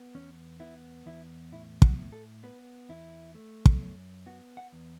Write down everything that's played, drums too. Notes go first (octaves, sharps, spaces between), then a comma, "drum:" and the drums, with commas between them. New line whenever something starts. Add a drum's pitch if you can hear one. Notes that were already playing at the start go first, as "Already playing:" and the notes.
Already playing: B3
E2 C#4
B3 E4
E2 E4
A2 E4
F#4, drum: kick
A2
A4
B3 B4
E2 E4
A3
drum: kick
F#2
B3 F#4
F#5
E2